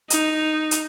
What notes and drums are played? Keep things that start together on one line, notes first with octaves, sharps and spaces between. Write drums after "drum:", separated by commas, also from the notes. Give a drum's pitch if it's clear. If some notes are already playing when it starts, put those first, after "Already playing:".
D#4, drum: hi-hat
drum: hi-hat